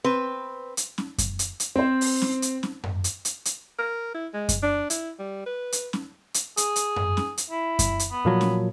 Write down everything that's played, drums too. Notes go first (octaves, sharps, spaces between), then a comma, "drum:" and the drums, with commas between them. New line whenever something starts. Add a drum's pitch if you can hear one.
C4 B4
drum: hi-hat
drum: snare C#4
drum: kick F#2, hi-hat
drum: hi-hat
drum: hi-hat
C4 C5
drum: open hi-hat
drum: snare C#4
drum: hi-hat
drum: snare C#4
drum: tom F#2
drum: hi-hat
drum: hi-hat
drum: hi-hat
A#4
E4
G#3
drum: kick F#2, hi-hat
D4
E4, drum: hi-hat
G3
B4
drum: hi-hat
drum: snare C#4
drum: hi-hat
G#4, drum: hi-hat
drum: hi-hat
drum: tom F#2
drum: snare C#4
drum: hi-hat
E4
drum: kick F#2, hi-hat
drum: hi-hat
B3
A#2 F3 F#3
drum: snare C#4